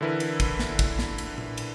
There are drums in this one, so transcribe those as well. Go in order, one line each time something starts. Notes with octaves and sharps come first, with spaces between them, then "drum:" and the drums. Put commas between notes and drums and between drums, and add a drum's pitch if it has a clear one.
D3 E3 E4 A#4 B4
drum: cymbal
drum: kick, cymbal
drum: snare
drum: kick, cymbal
drum: snare
drum: cymbal
drum: tom A#2
drum: cymbal